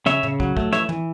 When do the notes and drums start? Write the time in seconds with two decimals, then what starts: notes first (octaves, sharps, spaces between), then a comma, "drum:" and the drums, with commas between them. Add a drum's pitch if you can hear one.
0.06 C#3 C#5 E5, drum: snare
0.23 C#3, drum: tom
0.40 F#3, drum: kick
0.57 A3, drum: kick
0.72 E3 C#5 E5, drum: snare
0.89 E3, drum: tom